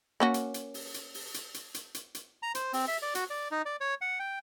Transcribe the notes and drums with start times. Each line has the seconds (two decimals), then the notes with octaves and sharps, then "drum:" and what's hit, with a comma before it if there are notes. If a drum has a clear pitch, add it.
0.20 A#3 C#4 F#4
0.34 drum: hi-hat
0.54 drum: hi-hat
0.74 drum: open hi-hat
0.94 drum: hi-hat
1.14 drum: open hi-hat
1.34 drum: hi-hat
1.54 drum: hi-hat
1.74 drum: hi-hat
1.94 drum: hi-hat
2.15 drum: hi-hat
2.43 A#5
2.55 C5, drum: hi-hat
2.73 C4, drum: open hi-hat
2.88 E5
3.02 D5
3.15 F#4, drum: hi-hat
3.30 D5
3.51 D#4
3.66 D5
3.81 C#5
4.01 F#5
4.19 G5